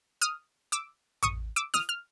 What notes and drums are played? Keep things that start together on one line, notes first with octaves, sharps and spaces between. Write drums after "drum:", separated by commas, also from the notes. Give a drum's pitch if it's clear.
D#6 F6
D6 E6
C#6 D#6, drum: tom A1
D6 E6
D#6 F6, drum: snare
F6